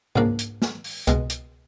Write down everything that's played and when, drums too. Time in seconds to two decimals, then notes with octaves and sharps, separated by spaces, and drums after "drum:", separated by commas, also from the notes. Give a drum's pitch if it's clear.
0.16 C#2 C#3 F3 A#3 D4, drum: tom G#2
0.39 drum: hi-hat
0.62 drum: snare
0.84 drum: open hi-hat
1.07 C#2 B2 G#3, drum: kick C2, hi-hat
1.30 drum: hi-hat